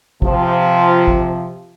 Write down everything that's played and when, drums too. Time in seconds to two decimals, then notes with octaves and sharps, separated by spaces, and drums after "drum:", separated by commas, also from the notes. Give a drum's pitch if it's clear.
0.22 C3 F3, drum: kick
1.08 drum: kick